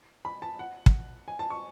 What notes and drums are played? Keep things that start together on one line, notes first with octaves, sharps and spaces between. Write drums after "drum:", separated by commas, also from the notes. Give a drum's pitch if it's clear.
B5
A5
F#5
drum: kick
G#5
A5
C#6